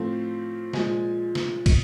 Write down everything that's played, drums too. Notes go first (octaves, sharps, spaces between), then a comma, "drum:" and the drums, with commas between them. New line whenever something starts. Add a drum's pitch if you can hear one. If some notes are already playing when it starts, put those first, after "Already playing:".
Already playing: A2 F3 A3 C4 F5
A#2 F3 G#3 G#5, drum: snare D3
drum: snare D3
drum: kick, cymbal